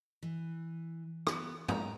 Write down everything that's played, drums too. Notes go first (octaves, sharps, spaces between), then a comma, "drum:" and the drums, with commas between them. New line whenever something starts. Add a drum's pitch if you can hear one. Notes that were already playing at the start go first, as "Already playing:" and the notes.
E3
B3, drum: rim click
G#3 D5 G5 A#5, drum: tom